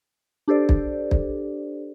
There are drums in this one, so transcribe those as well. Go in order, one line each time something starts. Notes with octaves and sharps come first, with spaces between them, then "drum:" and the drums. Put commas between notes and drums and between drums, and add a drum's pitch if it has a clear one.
D4 G4 A4 C5 D5
drum: kick
drum: kick